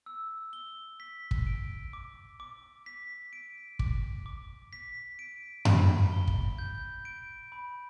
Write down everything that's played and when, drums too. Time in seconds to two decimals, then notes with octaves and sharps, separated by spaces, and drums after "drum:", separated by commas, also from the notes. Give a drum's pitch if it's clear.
0.06 E6
0.53 G7
1.00 B6
1.31 drum: kick
1.46 D7
1.93 D6
2.40 D6
2.86 B6
3.33 D7
3.79 D6, drum: kick
4.26 D6
4.73 B6
5.19 D7
5.65 B5, drum: tom F#2
6.12 G7
6.27 drum: kick
6.58 G6
7.05 D7
7.52 B5